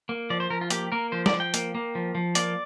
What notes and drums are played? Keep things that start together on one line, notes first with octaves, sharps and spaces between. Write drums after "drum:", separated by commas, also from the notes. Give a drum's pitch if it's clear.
A#3
F3 D5
C5
F3 A#4
F4
A#3 G4, drum: hi-hat
A#3 A#4
F3 C5
D5, drum: snare
F3
G5
A#3, drum: hi-hat
A#3
F3
F3
A#3 D5, drum: hi-hat